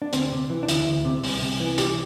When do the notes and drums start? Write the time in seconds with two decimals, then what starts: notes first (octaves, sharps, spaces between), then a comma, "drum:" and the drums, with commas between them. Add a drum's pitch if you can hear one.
0.02 D4
0.13 D2 C4, drum: hi-hat
0.32 C3
0.50 E3
0.63 D4
0.69 D2 E4, drum: hi-hat
0.87 D2
1.05 C3
1.24 C2, drum: open hi-hat
1.42 C3
1.60 E3
1.78 C2 G4, drum: hi-hat